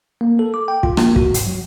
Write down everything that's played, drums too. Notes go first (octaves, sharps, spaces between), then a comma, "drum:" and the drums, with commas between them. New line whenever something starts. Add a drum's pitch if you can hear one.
A#3
A4
D6
G5
F4, drum: kick
A#3, drum: rim click
F#4, drum: kick
G#2, drum: hi-hat
F#3